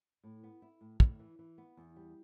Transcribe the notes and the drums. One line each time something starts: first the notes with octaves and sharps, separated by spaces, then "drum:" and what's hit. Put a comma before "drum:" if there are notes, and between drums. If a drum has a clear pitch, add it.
A2
B3
E4
A2
A2, drum: kick
E3
E3
B3
E2
G3